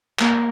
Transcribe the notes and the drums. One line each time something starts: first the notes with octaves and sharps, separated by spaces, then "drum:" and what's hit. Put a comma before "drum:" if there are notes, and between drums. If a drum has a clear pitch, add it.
A#3, drum: clap